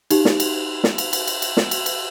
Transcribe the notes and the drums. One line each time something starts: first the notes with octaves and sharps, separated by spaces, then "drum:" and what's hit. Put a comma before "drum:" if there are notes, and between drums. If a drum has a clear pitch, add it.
D#4 G4, drum: cymbal
drum: snare
drum: cymbal
drum: snare
drum: cymbal
drum: cymbal
drum: cymbal
drum: cymbal
drum: snare
drum: cymbal
drum: cymbal